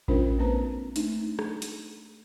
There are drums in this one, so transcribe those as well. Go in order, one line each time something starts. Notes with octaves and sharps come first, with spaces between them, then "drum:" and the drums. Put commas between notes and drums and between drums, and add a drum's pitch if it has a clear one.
G#3 C#4 D4 F4 A#4 C5, drum: kick A#1
A#3 C4 B4 C5 A#5
A3 D4 D#4, drum: hi-hat
drum: rim click
drum: hi-hat